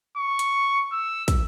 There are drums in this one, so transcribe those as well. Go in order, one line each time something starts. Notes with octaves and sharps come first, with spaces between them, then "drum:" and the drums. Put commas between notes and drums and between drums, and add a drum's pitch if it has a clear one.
C#6
drum: hi-hat
E6
drum: kick, hi-hat